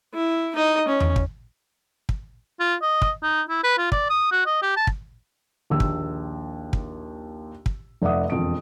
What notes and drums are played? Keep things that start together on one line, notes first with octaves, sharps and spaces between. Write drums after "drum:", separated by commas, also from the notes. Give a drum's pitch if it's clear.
E4
D#4 D#5
C#4
drum: tom E2
drum: kick
drum: kick
F4
D#5
drum: kick
D#4
E4
B4
F4
D5, drum: kick
D#6
F#4
D#5
G4
A5
drum: kick
A#1 D#2 E6
drum: kick
drum: kick
drum: kick
F1 D5 E5 F#5 D#6
E1 F2 D7